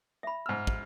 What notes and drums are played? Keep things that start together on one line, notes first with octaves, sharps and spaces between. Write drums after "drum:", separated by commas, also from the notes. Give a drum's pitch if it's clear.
E5 B5
G#2 E6 F6
drum: kick